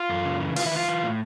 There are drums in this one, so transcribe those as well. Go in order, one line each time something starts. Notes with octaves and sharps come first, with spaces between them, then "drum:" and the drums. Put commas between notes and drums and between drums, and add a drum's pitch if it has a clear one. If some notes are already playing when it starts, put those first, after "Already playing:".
Already playing: F4
F#2
C#3
E3
E3 F4, drum: open hi-hat
E4
E3 F4
E3
A2